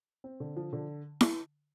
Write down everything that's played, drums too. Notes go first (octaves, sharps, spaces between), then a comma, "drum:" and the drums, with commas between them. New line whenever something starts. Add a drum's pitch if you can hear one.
C4
D3
F3
D3
drum: snare E4